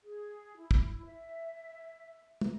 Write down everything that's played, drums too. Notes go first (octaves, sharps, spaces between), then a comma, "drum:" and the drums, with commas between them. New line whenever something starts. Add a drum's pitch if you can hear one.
G#4
E4
drum: kick
E5
A#5, drum: tom